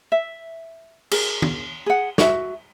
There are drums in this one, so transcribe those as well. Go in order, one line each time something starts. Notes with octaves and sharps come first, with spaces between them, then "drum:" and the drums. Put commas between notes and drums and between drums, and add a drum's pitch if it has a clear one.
E5
G#4 A#4, drum: cymbal
drum: tom D#3
G#4 F#5
F#4 E5, drum: snare